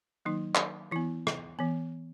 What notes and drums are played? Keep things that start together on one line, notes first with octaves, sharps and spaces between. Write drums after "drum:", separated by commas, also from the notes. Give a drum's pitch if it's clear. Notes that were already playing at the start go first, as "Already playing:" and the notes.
D#3 F#3 A#3 D#4
drum: clap
E3 B3 E4
drum: rim click
E3 B3